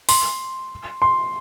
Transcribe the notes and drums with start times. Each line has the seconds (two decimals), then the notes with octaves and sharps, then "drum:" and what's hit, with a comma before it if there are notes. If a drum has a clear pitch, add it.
0.09 C6, drum: open hi-hat
1.02 C6